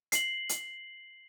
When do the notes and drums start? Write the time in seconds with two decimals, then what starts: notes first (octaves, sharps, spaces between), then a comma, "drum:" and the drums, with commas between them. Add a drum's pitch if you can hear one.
0.12 C7 F#7, drum: hi-hat
0.49 drum: hi-hat